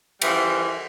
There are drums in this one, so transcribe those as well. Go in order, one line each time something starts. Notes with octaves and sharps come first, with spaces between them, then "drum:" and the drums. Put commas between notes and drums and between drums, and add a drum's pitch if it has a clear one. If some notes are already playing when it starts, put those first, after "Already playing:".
C#3 E3 F3 G3, drum: cymbal